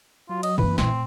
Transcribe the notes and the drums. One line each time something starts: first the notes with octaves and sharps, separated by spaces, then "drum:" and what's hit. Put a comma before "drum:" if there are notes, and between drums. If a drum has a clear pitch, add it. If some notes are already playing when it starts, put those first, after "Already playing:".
F#3 F4
D#5, drum: cymbal
E3 A#3 C4 B4, drum: tom F#2
A#2 A3 C4, drum: snare